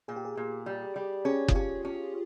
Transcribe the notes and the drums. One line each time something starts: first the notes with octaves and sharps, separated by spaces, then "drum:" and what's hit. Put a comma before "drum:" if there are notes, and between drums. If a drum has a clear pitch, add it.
A#2 G#4
G4
G#4
A#2
G3
G3
C#4 G#4
F4, drum: kick F#1
C#4 G4
C#4